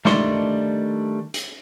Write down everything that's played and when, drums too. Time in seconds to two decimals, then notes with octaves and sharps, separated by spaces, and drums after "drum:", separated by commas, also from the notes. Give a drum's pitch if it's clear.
0.05 D#3 G3 A3 D4 D5 C6, drum: snare
1.34 drum: hi-hat